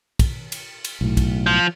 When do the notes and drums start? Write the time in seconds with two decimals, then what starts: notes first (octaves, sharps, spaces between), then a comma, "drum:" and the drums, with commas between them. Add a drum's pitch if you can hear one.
0.19 drum: kick, cymbal
0.52 drum: cymbal
0.85 drum: cymbal
1.01 B1 A2
1.17 drum: kick, cymbal
1.46 F3